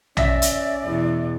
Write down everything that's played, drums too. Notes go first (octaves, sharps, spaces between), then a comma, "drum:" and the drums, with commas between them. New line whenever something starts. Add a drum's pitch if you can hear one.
C#4 D5 E5 A#6 B6, drum: tom A#1
drum: hi-hat
E2 B2